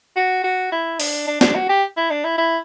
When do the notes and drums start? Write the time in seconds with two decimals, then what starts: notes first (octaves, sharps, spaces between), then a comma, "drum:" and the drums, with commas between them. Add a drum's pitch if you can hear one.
0.16 F#4
0.44 F#4
0.72 E4
1.00 D4, drum: open hi-hat
1.27 D4
1.41 D4, drum: snare
1.55 F#4
1.69 G4
1.97 E4
2.11 D4
2.24 E4
2.38 E4